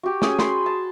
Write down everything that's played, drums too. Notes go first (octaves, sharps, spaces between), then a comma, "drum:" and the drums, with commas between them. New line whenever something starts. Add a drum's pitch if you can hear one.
F#4 G4
C#4 G#4 G#5, drum: snare
B5 C6, drum: snare
A5